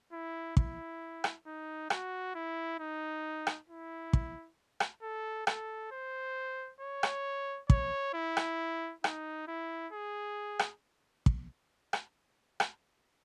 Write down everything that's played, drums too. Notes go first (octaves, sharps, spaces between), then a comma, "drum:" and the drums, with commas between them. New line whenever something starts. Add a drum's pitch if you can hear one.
E4
E4, drum: kick
drum: rim click
D#4
F#4, drum: rim click
E4
D#4
drum: rim click
E4
drum: kick
drum: rim click
A4
A4, drum: rim click
C5
C#5
drum: rim click
C#5, drum: kick
E4
drum: rim click
D#4, drum: rim click
E4
G#4
drum: rim click
drum: kick
drum: rim click
drum: rim click